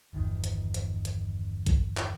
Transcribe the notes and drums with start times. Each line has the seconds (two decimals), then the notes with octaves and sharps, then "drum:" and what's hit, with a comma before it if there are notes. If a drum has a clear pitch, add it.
0.13 G1 E2 D#3
0.44 drum: hi-hat
0.74 drum: hi-hat
1.05 drum: hi-hat
1.66 drum: kick A1, hi-hat
1.97 drum: clap